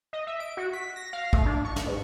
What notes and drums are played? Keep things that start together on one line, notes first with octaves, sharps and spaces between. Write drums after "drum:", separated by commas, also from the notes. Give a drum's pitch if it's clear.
D#5
E5
D7
F#4
B6
A#6
F5
A3, drum: kick
D4
C#6
drum: snare
G#2